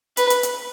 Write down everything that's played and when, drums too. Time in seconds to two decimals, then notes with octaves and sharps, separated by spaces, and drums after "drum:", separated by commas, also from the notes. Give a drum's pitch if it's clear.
0.17 B4, drum: hi-hat
0.30 drum: hi-hat
0.43 drum: hi-hat